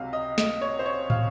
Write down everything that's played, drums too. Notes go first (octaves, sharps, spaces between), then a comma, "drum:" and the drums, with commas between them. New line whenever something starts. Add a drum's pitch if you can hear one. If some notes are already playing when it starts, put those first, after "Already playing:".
Already playing: C#2 C3 F#3 F5
D#5
D#5, drum: snare
C#5
C5
C#5
F5, drum: tom